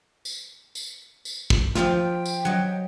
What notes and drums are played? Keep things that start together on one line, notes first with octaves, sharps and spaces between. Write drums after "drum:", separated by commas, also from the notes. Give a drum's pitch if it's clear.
drum: tambourine
drum: tambourine
drum: tambourine
drum: kick
F3 F4 G5, drum: snare
drum: tambourine
F#3 D#5